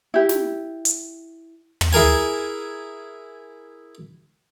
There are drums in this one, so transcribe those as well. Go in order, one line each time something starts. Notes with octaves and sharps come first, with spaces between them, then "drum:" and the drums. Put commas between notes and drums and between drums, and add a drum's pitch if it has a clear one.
E4 G4
drum: snare
drum: hi-hat
drum: tom
E4 G#4 A#4 G#5